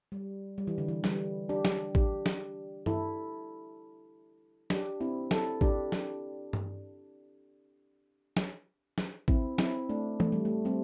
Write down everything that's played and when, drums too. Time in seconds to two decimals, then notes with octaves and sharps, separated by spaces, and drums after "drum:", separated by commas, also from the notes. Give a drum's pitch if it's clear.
0.12 G3
0.58 G3
0.67 E3
0.78 D3
0.88 E3
1.04 G3, drum: snare
1.49 D4 G4
1.65 drum: snare
1.95 D4 G4, drum: kick
2.26 drum: snare
2.86 E4 A4, drum: tom G2
4.70 D4 G4, drum: snare
5.00 C4 E4
5.31 E4 A4, drum: snare
5.61 D4 G4, drum: kick
5.92 drum: snare
6.53 drum: tom G2
8.37 drum: snare
8.98 drum: snare
9.28 C4 E4, drum: kick
9.58 C4 E4, drum: snare
9.89 A3 D4
10.20 A3, drum: tom
10.32 G3
10.45 A3
10.65 G3 C4